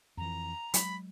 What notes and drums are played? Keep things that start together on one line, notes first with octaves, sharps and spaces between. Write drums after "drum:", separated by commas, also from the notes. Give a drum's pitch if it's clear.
F2 E3 A#5
F#3 G#3 B5, drum: hi-hat